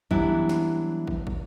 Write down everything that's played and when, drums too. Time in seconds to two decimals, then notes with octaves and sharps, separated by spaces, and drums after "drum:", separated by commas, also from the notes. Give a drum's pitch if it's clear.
0.11 E3 F#3 G3 B3 D4 E4, drum: kick
0.49 drum: snare
1.07 drum: kick
1.27 drum: kick